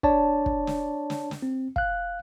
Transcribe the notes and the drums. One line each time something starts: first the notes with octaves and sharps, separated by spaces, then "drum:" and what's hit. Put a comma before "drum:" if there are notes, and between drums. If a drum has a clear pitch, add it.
D4 C#5 D5 A5, drum: kick
drum: kick
drum: snare
drum: snare
drum: snare
C4
F5 F#6, drum: kick